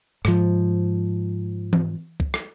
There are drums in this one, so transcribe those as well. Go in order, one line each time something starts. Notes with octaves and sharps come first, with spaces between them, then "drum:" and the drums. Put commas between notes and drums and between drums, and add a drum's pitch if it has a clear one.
G#2 F3, drum: rim click
drum: tom E3
drum: kick
drum: rim click